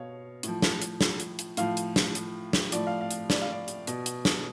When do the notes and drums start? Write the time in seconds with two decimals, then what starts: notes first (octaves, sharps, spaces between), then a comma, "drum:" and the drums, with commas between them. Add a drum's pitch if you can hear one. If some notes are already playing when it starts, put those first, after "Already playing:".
Already playing: B2 C#5 F5
0.43 A2 F3, drum: hi-hat
0.62 drum: snare
0.82 drum: hi-hat
1.01 drum: snare
1.20 drum: hi-hat
1.39 drum: hi-hat
1.57 A2 F3 F5, drum: hi-hat
1.77 drum: hi-hat
1.96 drum: snare
2.15 drum: hi-hat
2.53 drum: snare
2.72 A2 F3 D5, drum: hi-hat
2.87 F5
3.01 F5
3.11 drum: hi-hat
3.30 D5, drum: snare
3.41 F5
3.52 D5
3.68 drum: hi-hat
3.87 B2, drum: hi-hat
4.06 drum: hi-hat
4.25 drum: snare